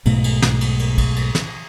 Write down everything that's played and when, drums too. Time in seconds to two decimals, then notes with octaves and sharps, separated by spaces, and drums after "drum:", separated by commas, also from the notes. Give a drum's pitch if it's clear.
0.05 B1 G#2 B2 A3, drum: cymbal
0.24 drum: cymbal
0.42 drum: snare
0.61 drum: cymbal
0.79 drum: cymbal
0.98 drum: kick, cymbal
1.16 drum: cymbal
1.35 drum: snare